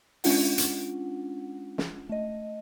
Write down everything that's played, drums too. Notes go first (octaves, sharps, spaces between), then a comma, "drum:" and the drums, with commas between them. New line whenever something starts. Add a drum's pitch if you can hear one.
G#3 C#4 D4 F4 F#5, drum: open hi-hat
drum: hi-hat
drum: snare
A3 D#5